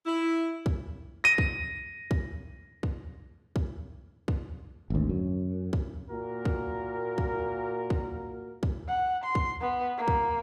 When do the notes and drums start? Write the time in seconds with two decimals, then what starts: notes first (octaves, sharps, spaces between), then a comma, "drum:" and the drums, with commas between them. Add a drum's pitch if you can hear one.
0.06 E4
0.66 drum: kick
1.24 A#6 D#7
1.38 drum: kick
2.11 drum: kick
2.83 drum: kick
3.56 drum: kick
4.28 drum: kick
4.90 G#1 D2
5.09 F#2
5.73 drum: kick
6.09 A#2 A#3 F#4 A#4
6.45 drum: kick
7.18 drum: kick
7.90 drum: kick
8.63 drum: kick
8.88 F#5
9.24 C6
9.35 drum: kick
9.61 B3
9.97 A#3
10.08 drum: kick